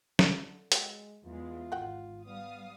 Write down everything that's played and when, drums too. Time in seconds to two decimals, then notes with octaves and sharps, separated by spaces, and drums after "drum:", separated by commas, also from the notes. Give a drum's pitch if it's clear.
0.19 D3 E4, drum: snare
0.72 F#3 G#3 G5, drum: hi-hat
1.25 E2 G#3 F4
1.72 G#1 F#4 F#5 G5
2.26 G3 B3 F5 D#6